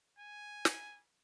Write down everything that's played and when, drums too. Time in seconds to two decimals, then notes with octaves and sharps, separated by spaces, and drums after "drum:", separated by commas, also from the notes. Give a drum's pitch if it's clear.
0.19 G#5
0.65 drum: snare